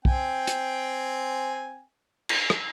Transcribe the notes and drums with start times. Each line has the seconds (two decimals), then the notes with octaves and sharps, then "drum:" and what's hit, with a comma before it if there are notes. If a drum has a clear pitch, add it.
0.05 C4 G5 G#5, drum: kick
0.47 drum: hi-hat
2.29 drum: cymbal
2.50 drum: rim click